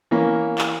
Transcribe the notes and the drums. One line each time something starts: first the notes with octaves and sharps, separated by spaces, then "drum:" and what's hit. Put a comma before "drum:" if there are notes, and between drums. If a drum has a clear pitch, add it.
E3 A#3 C#4
drum: clap